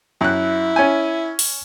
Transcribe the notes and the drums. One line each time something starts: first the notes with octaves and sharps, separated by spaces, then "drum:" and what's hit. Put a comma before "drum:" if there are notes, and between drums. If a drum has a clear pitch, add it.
F#2 E4 F#6
C#4 G#5
drum: open hi-hat